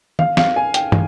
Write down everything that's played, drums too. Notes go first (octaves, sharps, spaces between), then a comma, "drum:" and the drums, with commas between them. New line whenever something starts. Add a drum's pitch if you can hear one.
F5, drum: tom
F5, drum: snare
G#5
G5, drum: hi-hat
drum: tom